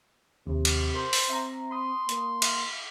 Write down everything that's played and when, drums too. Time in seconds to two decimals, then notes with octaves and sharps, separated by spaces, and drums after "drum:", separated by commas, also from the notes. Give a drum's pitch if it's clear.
0.47 D#2 C3
0.65 drum: cymbal
0.94 A#4 C5
1.13 drum: open hi-hat
1.29 C4 E5 A#5
1.71 B5 C6 D#6
2.09 A#3, drum: hi-hat
2.42 E5 F5, drum: cymbal